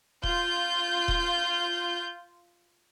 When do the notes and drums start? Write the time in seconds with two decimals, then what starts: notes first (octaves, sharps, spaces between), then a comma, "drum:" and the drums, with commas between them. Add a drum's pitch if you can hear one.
0.23 F4 G6, drum: kick D#1
1.08 drum: kick D#1